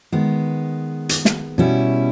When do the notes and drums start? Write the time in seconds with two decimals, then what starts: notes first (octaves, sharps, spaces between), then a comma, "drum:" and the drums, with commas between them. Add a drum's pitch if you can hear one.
0.12 D#3 G#3 B3
1.09 drum: hi-hat
1.25 drum: snare
1.58 B2 G3 C#4 E4